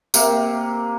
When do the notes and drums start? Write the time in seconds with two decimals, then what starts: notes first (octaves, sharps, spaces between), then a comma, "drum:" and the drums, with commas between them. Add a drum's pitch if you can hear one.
0.14 C3 A#3, drum: tambourine